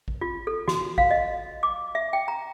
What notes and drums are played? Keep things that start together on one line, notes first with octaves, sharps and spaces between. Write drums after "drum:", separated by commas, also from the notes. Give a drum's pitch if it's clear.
drum: kick A1
F4
A4
F#4, drum: snare
F5, drum: kick A1
D#5
D6
E5
G5
A#5